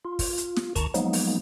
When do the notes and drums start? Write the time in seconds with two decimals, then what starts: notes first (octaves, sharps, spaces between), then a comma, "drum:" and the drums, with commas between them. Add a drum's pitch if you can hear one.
0.05 F4
0.19 drum: kick, open hi-hat
0.38 drum: hi-hat
0.57 drum: snare
0.76 D2 D#3 A5 A#5 C#6, drum: kick, hi-hat
0.94 F3 F#3 G#3 A#3 B3 D#4, drum: hi-hat
1.13 drum: open hi-hat